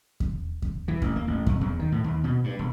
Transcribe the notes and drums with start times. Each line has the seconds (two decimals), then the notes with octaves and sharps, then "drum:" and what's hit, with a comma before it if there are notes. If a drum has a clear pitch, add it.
0.20 drum: kick E2
0.62 drum: kick E2
0.88 E3
1.02 A1, drum: kick E2
1.16 A#3
1.27 A1
1.46 F2, drum: kick E2
1.61 E2
1.79 D#3
1.92 A2
2.04 D#2
2.24 B2
2.44 G2
2.59 E1